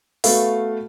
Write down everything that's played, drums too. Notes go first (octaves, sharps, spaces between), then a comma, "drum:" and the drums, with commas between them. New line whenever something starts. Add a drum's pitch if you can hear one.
A3 B3 F#4 A4 B4 F5, drum: open hi-hat